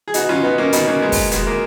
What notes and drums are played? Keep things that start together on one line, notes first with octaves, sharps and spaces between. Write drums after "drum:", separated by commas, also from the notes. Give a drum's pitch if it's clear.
G#4
B2 D#4 F#4, drum: hi-hat
C#4 F4
B3 D#4
A#3 C#4
B2 B3 D#4, drum: hi-hat
A#3 C#4
G#3 B3
drum: kick, open hi-hat
B2 G#3, drum: hi-hat
A#3